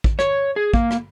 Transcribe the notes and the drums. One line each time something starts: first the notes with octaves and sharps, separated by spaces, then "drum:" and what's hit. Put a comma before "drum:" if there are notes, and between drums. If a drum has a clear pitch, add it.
drum: kick
C#5, drum: rim click
G#4
A#3, drum: kick
drum: rim click